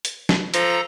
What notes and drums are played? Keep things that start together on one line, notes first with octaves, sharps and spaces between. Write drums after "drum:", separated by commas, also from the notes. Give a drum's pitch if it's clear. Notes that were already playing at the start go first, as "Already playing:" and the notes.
drum: hi-hat
drum: snare
F3 A4 A#5 A#6, drum: hi-hat